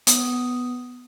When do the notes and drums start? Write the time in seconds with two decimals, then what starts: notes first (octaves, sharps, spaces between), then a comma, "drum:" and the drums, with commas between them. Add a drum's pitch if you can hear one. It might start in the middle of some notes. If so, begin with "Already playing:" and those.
0.07 B3 D#6, drum: hi-hat